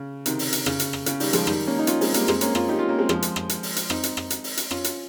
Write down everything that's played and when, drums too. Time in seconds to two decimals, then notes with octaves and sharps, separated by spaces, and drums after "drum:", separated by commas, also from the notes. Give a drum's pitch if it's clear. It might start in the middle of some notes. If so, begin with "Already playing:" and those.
Already playing: C#3
0.26 C3 D#3, drum: hi-hat
0.39 drum: open hi-hat
0.53 drum: hi-hat
0.66 C#3, drum: rim click
0.80 drum: hi-hat
0.93 drum: rim click
1.06 C#3, drum: hi-hat
1.20 D#3 G3, drum: open hi-hat
1.33 F3 G#3, drum: hi-hat
1.47 D#3 G3, drum: rim click
1.67 A#3 C#4
1.79 D#4
1.87 C#4 F4, drum: hi-hat
2.01 G#3 C4, drum: open hi-hat
2.14 G3 A#3, drum: hi-hat
2.28 G#3 C4, drum: rim click
2.41 A#3 C#4, drum: hi-hat
2.55 C#4 F4, drum: rim click
2.69 D#4 G4
2.79 C#4 F4
2.89 A#3 C#4
2.99 G#3 C4
3.09 F3 G#3, drum: rim click
3.22 drum: hi-hat
3.36 drum: rim click
3.49 drum: hi-hat
3.63 drum: open hi-hat
3.76 drum: hi-hat
3.90 C4 D#4, drum: rim click
4.03 drum: hi-hat
4.17 drum: rim click
4.30 drum: hi-hat
4.44 drum: open hi-hat
4.57 drum: hi-hat
4.71 C#4 F4, drum: rim click
4.84 drum: hi-hat